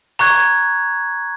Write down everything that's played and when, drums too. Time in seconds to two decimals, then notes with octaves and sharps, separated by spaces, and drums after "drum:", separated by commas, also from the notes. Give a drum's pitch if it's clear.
0.19 A#5 C#6 F#6 G#6, drum: open hi-hat